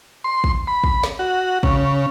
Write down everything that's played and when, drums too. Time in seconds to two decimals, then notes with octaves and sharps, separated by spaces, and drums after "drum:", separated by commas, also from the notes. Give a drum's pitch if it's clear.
0.24 C6
0.44 drum: kick
0.67 B5
0.84 drum: kick
1.03 drum: snare
1.19 F#4
1.63 C#3, drum: kick